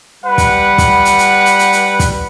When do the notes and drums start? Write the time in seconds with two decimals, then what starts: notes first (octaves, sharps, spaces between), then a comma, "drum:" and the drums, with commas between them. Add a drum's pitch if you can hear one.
0.24 G3 B4 F#5
0.38 drum: kick, hi-hat
0.78 drum: kick, hi-hat
1.05 drum: hi-hat
1.19 drum: hi-hat
1.46 drum: hi-hat
1.59 drum: hi-hat
1.73 drum: hi-hat
2.00 drum: kick, hi-hat